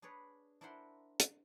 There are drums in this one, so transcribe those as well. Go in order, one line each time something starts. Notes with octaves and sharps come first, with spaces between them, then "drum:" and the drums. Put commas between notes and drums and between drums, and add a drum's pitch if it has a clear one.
D4 G#4 B4 C#5 D5
D4 E4 A#4 C5 F#5 C6
drum: hi-hat